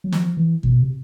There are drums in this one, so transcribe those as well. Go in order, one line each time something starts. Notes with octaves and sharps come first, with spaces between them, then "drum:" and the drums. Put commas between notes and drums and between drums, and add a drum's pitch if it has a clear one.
F#3
F3, drum: snare
E3
B2, drum: kick F2
C3